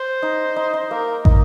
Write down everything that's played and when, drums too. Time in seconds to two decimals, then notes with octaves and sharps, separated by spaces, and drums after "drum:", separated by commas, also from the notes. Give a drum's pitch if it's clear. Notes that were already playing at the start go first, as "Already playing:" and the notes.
Already playing: C5
0.22 D#4
0.56 D#4
0.74 D#4
0.90 A#3 A#4
1.25 D#4, drum: kick